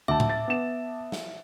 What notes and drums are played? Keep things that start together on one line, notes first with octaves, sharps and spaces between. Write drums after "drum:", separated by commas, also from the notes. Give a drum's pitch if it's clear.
D2 E5 A5 D6
drum: tom A2
A6
B3 E7
drum: snare